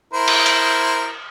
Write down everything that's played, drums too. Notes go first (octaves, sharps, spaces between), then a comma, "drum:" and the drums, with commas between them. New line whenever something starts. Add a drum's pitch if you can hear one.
E4 A#4 C5
drum: cymbal
drum: hi-hat